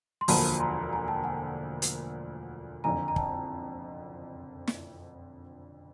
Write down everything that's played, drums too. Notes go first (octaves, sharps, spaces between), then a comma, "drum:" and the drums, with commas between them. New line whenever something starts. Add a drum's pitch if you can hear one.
C6
E1 D2 D3 F3 A#3 A5 B5, drum: open hi-hat
A#5 C6
G#5 A#5
G5 A5
F#5 G#5
drum: hi-hat
F#1 F2 D3 G#5 A#5
A#5
G5 A5, drum: kick
drum: snare